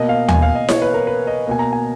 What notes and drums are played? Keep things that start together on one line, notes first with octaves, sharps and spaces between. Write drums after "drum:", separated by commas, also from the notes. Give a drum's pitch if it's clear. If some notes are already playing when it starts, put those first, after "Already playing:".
Already playing: B2 A#3 D#5
F5
G#5, drum: tom D#2
F5
D#5
C#5, drum: snare E4
B4
A#4
B4
D#5
B2 A#3 G#5
A#5
G#5